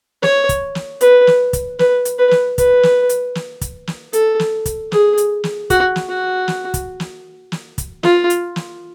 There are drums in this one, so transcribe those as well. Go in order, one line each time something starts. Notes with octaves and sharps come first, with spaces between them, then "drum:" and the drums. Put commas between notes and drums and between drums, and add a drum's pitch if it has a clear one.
C#5, drum: snare
drum: kick, hi-hat
drum: snare
B4, drum: hi-hat
drum: snare
drum: kick, hi-hat
B4, drum: snare
drum: hi-hat
B4
drum: snare
B4, drum: kick, hi-hat
drum: snare
drum: hi-hat
drum: snare
drum: kick, hi-hat
drum: snare
A4, drum: hi-hat
drum: snare
drum: kick, hi-hat
G#4, drum: snare
drum: hi-hat
drum: snare
F#4, drum: kick, hi-hat
drum: snare
F#4
drum: snare
drum: kick, hi-hat
drum: snare
drum: snare
drum: kick, hi-hat
F4, drum: snare
drum: hi-hat
drum: snare